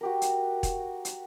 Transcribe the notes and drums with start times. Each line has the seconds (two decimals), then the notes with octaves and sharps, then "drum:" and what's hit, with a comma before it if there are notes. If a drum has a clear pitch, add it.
0.01 F#4 G4 A#4
0.22 drum: hi-hat
0.63 drum: kick E1, hi-hat
1.05 drum: hi-hat